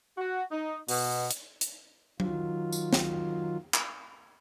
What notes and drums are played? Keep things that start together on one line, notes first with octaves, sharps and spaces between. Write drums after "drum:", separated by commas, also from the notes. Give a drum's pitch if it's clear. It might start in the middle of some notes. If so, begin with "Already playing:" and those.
F#4
D#4
B2, drum: open hi-hat
drum: hi-hat
drum: hi-hat
D#3 F#3 F4, drum: tom F#3
drum: tambourine
drum: snare
drum: clap